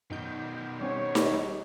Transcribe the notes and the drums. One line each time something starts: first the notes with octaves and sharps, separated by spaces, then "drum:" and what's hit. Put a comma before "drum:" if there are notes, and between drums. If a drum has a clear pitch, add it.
F#2 B2 D#3 D#4 G6
G3 C4 C#4 C#5
drum: snare D#4
G3 D#4 G#4